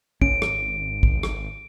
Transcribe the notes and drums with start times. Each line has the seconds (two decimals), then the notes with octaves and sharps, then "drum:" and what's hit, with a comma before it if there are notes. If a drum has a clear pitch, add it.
0.22 G#1 C#4 D7, drum: kick
0.42 drum: rim click
1.03 drum: kick
1.23 drum: rim click